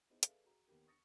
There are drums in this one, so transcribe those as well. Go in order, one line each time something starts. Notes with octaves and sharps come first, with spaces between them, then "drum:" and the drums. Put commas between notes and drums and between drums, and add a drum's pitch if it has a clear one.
B3 D#4 E4 G#4 C5
G#4 A4 B4 D5 E5 F5, drum: hi-hat
F#4 G#4 A#5
D#2 B3 G4 A#4
C#6 D#6 A6 A#6 C#7